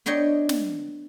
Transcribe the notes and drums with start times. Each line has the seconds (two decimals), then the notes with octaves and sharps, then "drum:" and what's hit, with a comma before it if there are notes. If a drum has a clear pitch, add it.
0.06 B3 D4 C#5 D#5 G5
0.49 drum: snare